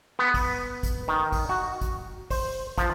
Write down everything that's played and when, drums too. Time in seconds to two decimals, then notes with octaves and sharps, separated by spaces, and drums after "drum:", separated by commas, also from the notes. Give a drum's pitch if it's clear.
0.19 B3
0.34 drum: kick, open hi-hat
0.83 drum: kick, hi-hat
1.08 D#3
1.32 drum: kick, open hi-hat
1.49 F#4
1.81 drum: kick, hi-hat
2.30 C5, drum: kick, open hi-hat
2.78 F3, drum: kick, hi-hat